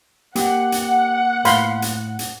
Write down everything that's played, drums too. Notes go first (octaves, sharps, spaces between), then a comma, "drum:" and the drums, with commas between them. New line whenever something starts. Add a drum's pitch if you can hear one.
A#3 G4 F#5 G5 D6, drum: hi-hat
drum: hi-hat
A2 F5 B5 C6, drum: hi-hat
drum: hi-hat
drum: hi-hat